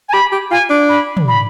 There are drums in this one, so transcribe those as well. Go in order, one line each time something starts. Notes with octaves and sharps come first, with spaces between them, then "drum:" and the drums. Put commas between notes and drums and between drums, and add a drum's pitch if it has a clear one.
G#5
G4 B5
G4
F4 G#5
D4
B5
drum: tom
B5